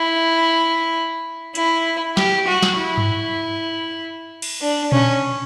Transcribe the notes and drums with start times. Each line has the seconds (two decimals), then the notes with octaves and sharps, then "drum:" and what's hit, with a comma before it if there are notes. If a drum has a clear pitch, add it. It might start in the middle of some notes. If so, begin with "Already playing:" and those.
Already playing: E4
1.55 E4, drum: hi-hat
2.17 G4, drum: snare
2.47 F#4
2.63 drum: snare
2.77 E4
2.98 drum: tom G2
4.42 drum: cymbal
4.61 D4
4.92 C#4, drum: tom A#2